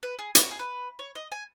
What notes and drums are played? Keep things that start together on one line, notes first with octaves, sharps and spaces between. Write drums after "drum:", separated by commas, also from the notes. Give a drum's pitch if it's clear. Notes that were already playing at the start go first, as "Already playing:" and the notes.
B4
G#4
E4, drum: hi-hat
F#4
G#4
B4
C#5
D#5
G#5